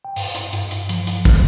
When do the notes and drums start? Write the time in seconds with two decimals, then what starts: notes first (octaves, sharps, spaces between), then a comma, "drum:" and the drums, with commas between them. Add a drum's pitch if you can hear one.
0.05 G5
0.16 G2 F5, drum: open hi-hat
0.35 drum: hi-hat
0.53 G2, drum: hi-hat
0.71 drum: hi-hat
0.89 F3, drum: hi-hat
1.07 drum: hi-hat
1.25 drum: kick, hi-hat